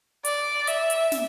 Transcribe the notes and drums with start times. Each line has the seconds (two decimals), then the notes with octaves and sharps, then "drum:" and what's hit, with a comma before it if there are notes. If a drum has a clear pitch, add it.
0.25 D5, drum: hi-hat
0.67 E5, drum: hi-hat
0.90 drum: hi-hat
1.12 drum: snare